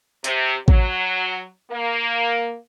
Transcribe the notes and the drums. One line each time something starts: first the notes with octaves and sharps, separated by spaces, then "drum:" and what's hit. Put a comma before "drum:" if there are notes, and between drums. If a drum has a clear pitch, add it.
C3, drum: hi-hat
F#3, drum: kick A1
A#3